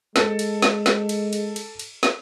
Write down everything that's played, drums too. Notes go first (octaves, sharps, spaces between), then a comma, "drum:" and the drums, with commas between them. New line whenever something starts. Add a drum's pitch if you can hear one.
G#3 A4, drum: snare
drum: cymbal
drum: snare
drum: snare
drum: cymbal
drum: cymbal
drum: cymbal
drum: cymbal
drum: snare